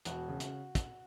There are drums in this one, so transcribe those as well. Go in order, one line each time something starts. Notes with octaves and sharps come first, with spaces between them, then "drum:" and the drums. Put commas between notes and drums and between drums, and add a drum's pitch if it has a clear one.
E1 F#4, drum: hi-hat
C#3
drum: hi-hat
drum: kick, hi-hat